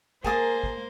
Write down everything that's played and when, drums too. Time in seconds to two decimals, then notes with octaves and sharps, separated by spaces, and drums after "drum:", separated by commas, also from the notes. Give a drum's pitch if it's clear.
0.24 A#3 G#4 A#4 C5 A5 D#6, drum: kick
0.64 drum: kick